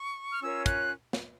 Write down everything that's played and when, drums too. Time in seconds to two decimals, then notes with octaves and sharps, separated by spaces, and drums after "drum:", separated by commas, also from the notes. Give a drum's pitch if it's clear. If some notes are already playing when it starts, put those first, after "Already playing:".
Already playing: C#6
0.31 F6
0.42 C#4 F4 A#4 C#5 E6
0.66 F#6, drum: kick, hi-hat
1.13 drum: snare